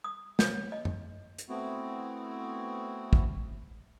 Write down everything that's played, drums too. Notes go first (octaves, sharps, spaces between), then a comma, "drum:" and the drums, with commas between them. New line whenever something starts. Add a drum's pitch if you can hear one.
D#6
C#5, drum: snare
D#5
drum: tom F#2
drum: hi-hat
A3 B3 C4 E4 F#4
drum: kick